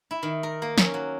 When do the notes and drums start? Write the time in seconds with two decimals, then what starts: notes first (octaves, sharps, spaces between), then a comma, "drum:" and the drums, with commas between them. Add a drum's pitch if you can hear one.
0.11 E4
0.23 D#3
0.43 A#4
0.62 A#3
0.78 C#4, drum: snare
0.94 F#3